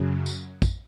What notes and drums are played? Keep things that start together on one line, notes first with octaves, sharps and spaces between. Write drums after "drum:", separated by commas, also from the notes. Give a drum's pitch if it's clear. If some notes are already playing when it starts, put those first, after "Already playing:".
Already playing: F#2 C#3 F#3
drum: tambourine
drum: kick, tambourine